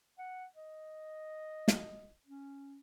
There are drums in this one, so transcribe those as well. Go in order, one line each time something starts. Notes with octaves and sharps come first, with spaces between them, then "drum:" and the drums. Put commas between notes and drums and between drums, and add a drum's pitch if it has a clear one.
F#5
D#5
drum: snare
C#4